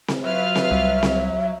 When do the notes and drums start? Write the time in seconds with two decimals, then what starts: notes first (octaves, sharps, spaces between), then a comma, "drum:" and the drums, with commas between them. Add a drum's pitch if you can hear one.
0.08 drum: snare C4
0.24 F#3 F4 B4 E5 F6
0.55 drum: snare C4
0.71 C2 G3
1.03 drum: snare C4